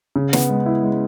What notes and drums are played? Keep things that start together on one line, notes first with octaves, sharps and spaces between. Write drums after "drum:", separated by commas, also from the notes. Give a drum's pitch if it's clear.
C#3
B3, drum: snare
G#3
E4
G#3